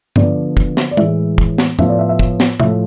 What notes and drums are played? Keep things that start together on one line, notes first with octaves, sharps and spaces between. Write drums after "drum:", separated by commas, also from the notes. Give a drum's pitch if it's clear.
D3 F3 B3 D5, drum: tom G2
drum: kick
drum: snare
D5
A2 E3 G#3 E5, drum: tom
drum: kick
drum: snare
A2 F3 B3 F4 E5, drum: tom F2
D5
E5
E5
drum: kick
drum: snare
A2 F3 A3 E5, drum: tom